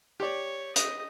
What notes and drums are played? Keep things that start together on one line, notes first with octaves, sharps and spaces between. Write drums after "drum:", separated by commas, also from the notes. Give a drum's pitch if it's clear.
G4 C#5 D5
D#5, drum: hi-hat